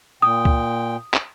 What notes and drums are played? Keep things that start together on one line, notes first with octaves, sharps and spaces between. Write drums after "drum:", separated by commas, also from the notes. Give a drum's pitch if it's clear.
A#2 G5 D#6
drum: kick C#2
drum: clap